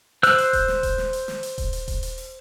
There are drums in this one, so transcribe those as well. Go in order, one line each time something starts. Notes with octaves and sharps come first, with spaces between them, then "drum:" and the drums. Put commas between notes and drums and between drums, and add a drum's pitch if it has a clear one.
C5 E6 F#6, drum: hi-hat
drum: hi-hat
drum: kick D#1, hi-hat
drum: snare
drum: kick D#1, hi-hat
drum: snare
drum: hi-hat
drum: snare
drum: hi-hat
drum: kick D#1, hi-hat
drum: hi-hat
drum: kick D#1, hi-hat
drum: hi-hat
drum: open hi-hat